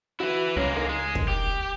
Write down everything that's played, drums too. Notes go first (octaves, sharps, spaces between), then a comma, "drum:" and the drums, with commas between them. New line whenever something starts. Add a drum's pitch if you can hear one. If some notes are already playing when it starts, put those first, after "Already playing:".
E4 F#4 B4
C#2 G#3 A#3 C#4
D#4 A#4
G#3
drum: kick
G4